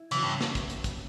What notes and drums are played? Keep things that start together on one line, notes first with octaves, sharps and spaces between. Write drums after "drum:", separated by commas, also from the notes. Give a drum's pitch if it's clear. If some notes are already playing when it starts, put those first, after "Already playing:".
Already playing: E4
C#3 E3 F#3 B3 F#4, drum: hi-hat
G2
drum: snare
drum: kick, hi-hat
drum: hi-hat
drum: kick, hi-hat